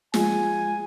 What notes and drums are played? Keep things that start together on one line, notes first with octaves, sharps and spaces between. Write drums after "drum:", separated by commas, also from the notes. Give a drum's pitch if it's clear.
F3 G#3 G#5, drum: snare